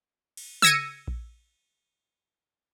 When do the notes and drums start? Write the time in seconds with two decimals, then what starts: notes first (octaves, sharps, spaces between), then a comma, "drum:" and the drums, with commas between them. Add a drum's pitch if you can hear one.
0.37 drum: cymbal
0.62 E6 G#6 A#6 C#7 D#7, drum: tom C#3
1.08 drum: kick A#1